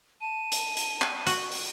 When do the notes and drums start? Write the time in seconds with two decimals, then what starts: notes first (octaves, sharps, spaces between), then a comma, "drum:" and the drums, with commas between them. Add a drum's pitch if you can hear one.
0.21 A5 D#7
0.52 drum: hi-hat
0.77 drum: hi-hat
1.02 drum: clap
1.27 F#4, drum: hi-hat
1.51 drum: open hi-hat